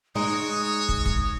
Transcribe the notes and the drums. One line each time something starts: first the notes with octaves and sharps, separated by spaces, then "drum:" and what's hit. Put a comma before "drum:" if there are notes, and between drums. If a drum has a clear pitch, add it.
G#3 D#4 F#4 C#5 D#6
drum: kick
drum: kick